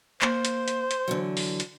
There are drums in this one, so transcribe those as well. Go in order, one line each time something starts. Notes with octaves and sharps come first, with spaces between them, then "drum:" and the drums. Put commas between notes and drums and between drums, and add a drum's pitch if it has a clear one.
A#3 C5, drum: clap
drum: hi-hat
drum: hi-hat
drum: hi-hat
D3 E3 F#3
drum: open hi-hat
drum: hi-hat